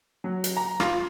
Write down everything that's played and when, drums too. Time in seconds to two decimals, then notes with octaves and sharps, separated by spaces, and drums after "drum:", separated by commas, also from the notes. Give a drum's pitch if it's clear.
0.24 F#3
0.44 drum: hi-hat
0.57 A#5
0.80 F4, drum: rim click